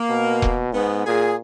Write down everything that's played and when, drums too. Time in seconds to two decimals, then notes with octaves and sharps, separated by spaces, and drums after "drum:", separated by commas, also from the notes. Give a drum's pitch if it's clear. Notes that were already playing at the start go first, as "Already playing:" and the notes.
Already playing: A#3
0.10 B2
0.42 drum: kick E1
0.74 G#2 B3
1.06 A#2 G#4